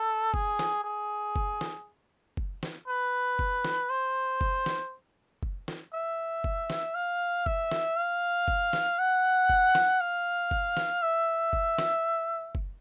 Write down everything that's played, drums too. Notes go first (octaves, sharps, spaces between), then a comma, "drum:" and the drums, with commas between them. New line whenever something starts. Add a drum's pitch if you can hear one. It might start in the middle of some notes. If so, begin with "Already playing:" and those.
Already playing: A4
G#4, drum: kick
drum: snare
G#4
drum: kick
drum: snare
drum: kick
drum: snare
B4
drum: kick
drum: snare
C5
drum: kick
drum: snare
drum: kick
drum: snare
E5
drum: kick
drum: snare
F5
E5, drum: kick
drum: snare
F5
drum: kick
drum: snare
F#5
drum: kick
drum: snare
F5
drum: kick
drum: snare
E5
drum: kick
drum: snare
drum: kick